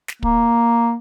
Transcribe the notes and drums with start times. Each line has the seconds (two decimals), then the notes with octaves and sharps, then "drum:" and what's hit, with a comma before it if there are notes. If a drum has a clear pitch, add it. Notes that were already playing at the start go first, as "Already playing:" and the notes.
0.08 drum: snare
0.23 A#3, drum: kick